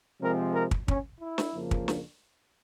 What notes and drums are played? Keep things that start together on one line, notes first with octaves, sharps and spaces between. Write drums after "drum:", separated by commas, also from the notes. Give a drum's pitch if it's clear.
C3 F3 G#3 C4 A#4
A#4
drum: kick
C#4, drum: kick
E4
drum: snare
F2 C#3 F3 A#3
drum: kick
drum: snare